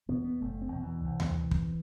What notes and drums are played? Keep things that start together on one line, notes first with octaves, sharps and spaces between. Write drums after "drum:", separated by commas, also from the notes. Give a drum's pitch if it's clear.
E2 B2 B3
B3
F#1 A3
C4
E2 B2
E3
C2
drum: tom D#2
C3
drum: kick